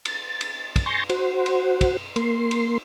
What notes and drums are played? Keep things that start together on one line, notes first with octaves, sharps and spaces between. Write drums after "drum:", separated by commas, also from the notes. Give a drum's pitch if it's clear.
A6, drum: cymbal
drum: cymbal
drum: kick, cymbal
G#5 C6 C#6 G6 A6 A#6
F#4 C5, drum: cymbal
drum: cymbal
drum: kick, cymbal
A#3 C6, drum: cymbal
drum: cymbal